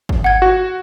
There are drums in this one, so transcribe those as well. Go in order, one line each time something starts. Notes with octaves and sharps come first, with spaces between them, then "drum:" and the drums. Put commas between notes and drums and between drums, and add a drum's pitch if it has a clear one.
drum: kick
F#5 G#6
F#4